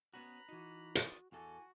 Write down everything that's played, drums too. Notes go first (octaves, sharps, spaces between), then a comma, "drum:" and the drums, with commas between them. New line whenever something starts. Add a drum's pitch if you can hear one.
B3 C#4 F#4 A#5 B5 F#6
E3 D#4 F#4
D5 D#6, drum: hi-hat
E2 E3 F#4 A4 G#5